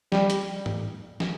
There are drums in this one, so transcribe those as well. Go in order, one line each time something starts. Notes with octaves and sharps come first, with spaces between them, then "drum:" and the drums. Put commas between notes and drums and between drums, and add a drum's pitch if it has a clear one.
G3, drum: snare
drum: hi-hat
drum: tom G#2
drum: snare